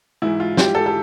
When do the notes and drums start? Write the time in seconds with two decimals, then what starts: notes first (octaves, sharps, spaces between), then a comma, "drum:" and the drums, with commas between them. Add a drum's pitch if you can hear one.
0.22 G#2 E3 E4
0.40 F4
0.57 G4, drum: snare
0.75 A4
0.86 A4